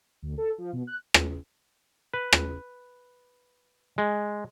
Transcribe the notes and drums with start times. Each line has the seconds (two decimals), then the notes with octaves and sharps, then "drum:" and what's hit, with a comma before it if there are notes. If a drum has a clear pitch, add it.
0.22 D2
0.38 A4
0.58 F3
0.73 B2
0.87 F#6
1.14 drum: rim click
2.14 B4
2.33 drum: rim click
3.98 G#3